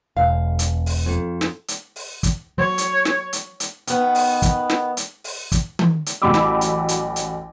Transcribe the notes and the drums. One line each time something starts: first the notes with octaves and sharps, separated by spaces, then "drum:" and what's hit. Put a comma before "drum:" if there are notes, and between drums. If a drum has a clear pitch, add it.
E1 F5
drum: hi-hat
drum: open hi-hat
F2
drum: snare
drum: hi-hat
drum: open hi-hat
drum: kick, hi-hat
F#3 C#5
drum: hi-hat
drum: snare
drum: hi-hat
drum: hi-hat
D#3 B3, drum: hi-hat
drum: open hi-hat
drum: kick, hi-hat
drum: snare
drum: hi-hat
drum: open hi-hat
drum: kick, hi-hat
drum: tom D#3
drum: hi-hat
A1 F#3 G4 B5 D6 E6
drum: snare
drum: hi-hat
drum: hi-hat
drum: hi-hat